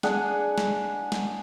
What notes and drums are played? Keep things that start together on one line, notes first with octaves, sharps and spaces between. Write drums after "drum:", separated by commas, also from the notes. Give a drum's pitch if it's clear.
D4 G#4 F#5 G#5, drum: snare
drum: snare
drum: snare